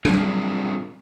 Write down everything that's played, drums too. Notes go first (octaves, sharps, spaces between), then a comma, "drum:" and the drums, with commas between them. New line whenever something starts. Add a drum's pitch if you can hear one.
G3 C4 D4 F4 G#4 A#4, drum: tom F#3